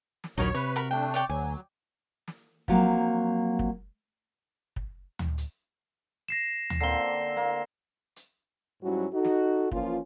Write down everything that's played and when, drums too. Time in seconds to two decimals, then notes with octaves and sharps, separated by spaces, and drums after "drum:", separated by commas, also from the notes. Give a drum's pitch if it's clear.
0.24 drum: snare
0.38 A#1 D#2 F#3 D#4 A#4 C#5 B5
0.54 C3 B4 C#5, drum: hi-hat
0.76 F#4 A#4 B5
0.91 A3 D4 G5
1.14 C#5 D5 G5
1.29 D2 F#3 G#5
2.28 drum: snare
2.68 F3 F#3 A#3 C4, drum: kick
3.59 drum: kick
4.76 drum: kick
5.19 drum: tom D2
5.38 drum: hi-hat
6.28 A#6 C7 E7
6.70 drum: tom D2
6.81 D3 A#3 C4 C7 G7
7.37 A#3
8.16 drum: hi-hat
8.83 G#2 F#3 G3 C#4 E4 F#4
9.13 D#4 F#4 A4
9.25 drum: snare
9.72 E3 F3 A#3 C#4 F4, drum: kick